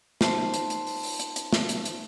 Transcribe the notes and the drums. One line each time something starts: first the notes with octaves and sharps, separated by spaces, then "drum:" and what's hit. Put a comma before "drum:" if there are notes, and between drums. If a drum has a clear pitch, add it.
D#4 F4 C5 A5 C6 C7, drum: snare
drum: hi-hat
drum: hi-hat
drum: open hi-hat
drum: open hi-hat
drum: hi-hat
drum: hi-hat
drum: snare
drum: hi-hat
drum: hi-hat